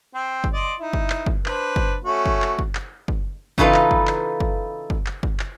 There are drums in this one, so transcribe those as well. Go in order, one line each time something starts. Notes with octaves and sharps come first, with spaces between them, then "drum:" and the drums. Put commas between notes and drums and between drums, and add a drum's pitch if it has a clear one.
C4
drum: kick
D5 D#5 C6
D#4 E4
drum: kick
drum: clap
drum: kick
D4 B4 C5, drum: clap
drum: kick
A3 C#4 F#4
drum: kick
drum: clap
drum: kick
drum: clap
drum: kick
C#3 E3 D#4 F4 A4 B4, drum: kick
drum: clap
drum: kick
drum: clap
drum: kick
drum: kick
drum: clap
drum: kick
drum: clap